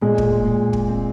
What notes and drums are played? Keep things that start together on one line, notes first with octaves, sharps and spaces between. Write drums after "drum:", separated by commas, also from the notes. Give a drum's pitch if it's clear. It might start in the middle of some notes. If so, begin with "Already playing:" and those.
A#2 G#3
drum: kick
A#2
drum: kick
C4